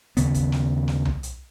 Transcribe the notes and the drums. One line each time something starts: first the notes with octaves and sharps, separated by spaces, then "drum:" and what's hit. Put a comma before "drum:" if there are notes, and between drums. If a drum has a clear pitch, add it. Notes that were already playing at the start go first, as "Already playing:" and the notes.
D#2 C#3 B3, drum: hi-hat
drum: kick, hi-hat
drum: snare
drum: snare
drum: tom C2
drum: hi-hat